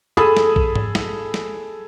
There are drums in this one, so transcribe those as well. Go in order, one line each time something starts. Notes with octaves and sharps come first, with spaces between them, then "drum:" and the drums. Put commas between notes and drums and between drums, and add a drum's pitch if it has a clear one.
G#4 A4 B5 D#6
drum: snare
drum: kick A#1
drum: tom G#2
drum: snare
drum: snare